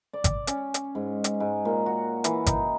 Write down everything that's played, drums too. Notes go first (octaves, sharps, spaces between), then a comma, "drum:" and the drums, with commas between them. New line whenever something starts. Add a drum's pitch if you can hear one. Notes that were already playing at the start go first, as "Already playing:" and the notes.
D5
drum: kick G#1, hi-hat
C#4, drum: hi-hat
drum: hi-hat
G#2
drum: hi-hat
G#2
A#2
F#4
E3, drum: hi-hat
D#4, drum: kick G#1, hi-hat